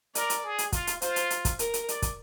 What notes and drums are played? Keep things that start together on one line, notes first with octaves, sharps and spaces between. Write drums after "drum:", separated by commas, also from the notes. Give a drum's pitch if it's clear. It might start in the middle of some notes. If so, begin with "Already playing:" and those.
A#4 D5, drum: hi-hat
drum: hi-hat
G#4
drum: hi-hat
F4, drum: kick, hi-hat
drum: hi-hat
F4 C5, drum: hi-hat
drum: hi-hat
drum: hi-hat
drum: kick, hi-hat
A#4, drum: hi-hat
drum: hi-hat
D5, drum: hi-hat
drum: kick, hi-hat